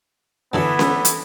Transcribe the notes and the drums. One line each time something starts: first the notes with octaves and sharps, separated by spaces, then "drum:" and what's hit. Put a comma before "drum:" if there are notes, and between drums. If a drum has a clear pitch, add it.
G2 D3 E3 F#3 B3 A4
drum: snare C#4
drum: hi-hat